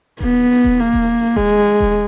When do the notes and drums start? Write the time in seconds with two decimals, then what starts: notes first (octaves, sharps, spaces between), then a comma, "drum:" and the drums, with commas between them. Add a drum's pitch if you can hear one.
0.20 B3, drum: kick D#1
0.64 drum: kick D#1
0.79 A#3
0.93 drum: kick D#1
1.36 G#3, drum: kick D#1
1.80 drum: kick D#1